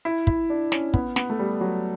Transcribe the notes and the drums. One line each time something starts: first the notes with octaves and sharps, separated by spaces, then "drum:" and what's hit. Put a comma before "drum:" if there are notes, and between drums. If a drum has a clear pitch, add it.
E4
E4, drum: kick
D4
C#4, drum: snare
B3, drum: kick
B3, drum: snare
A3
G3
F#3